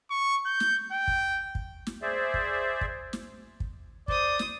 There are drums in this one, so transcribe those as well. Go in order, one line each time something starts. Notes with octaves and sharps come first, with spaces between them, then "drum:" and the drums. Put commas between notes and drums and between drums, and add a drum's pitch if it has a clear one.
C#6
G6
drum: snare
G5
drum: kick
drum: kick
drum: snare
G#4 C5 D5 E5
drum: kick
drum: kick
drum: snare
drum: kick
C5 D5 D#6, drum: kick
drum: snare